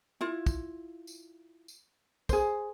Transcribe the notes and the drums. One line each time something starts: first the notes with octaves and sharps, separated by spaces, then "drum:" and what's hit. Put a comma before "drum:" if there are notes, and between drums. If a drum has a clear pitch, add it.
E4 F4
drum: kick, tambourine
drum: tambourine
drum: tambourine
G#4 C5, drum: kick, tambourine